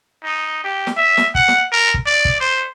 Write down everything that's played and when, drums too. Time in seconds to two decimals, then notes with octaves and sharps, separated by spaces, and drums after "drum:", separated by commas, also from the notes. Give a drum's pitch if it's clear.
0.23 D#4
0.64 G4
0.87 drum: snare
0.97 E5
1.18 drum: snare
1.35 F#5, drum: kick
1.48 drum: snare
1.72 A#4
1.94 drum: kick
2.06 D5
2.25 drum: kick
2.40 C5